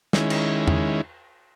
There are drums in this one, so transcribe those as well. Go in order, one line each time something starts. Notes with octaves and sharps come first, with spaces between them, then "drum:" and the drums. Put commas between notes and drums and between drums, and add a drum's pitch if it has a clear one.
D#3 G#3 C#4 E4, drum: snare
drum: cymbal
drum: tom E2